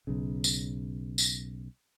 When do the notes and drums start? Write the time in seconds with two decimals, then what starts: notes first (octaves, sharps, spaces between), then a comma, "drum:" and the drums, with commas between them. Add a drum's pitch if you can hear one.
0.07 B1 C#3
0.44 drum: tambourine
1.18 drum: tambourine